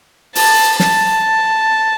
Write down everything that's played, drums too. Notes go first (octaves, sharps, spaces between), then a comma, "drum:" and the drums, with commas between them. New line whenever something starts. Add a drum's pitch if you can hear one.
A5, drum: open hi-hat
A5, drum: snare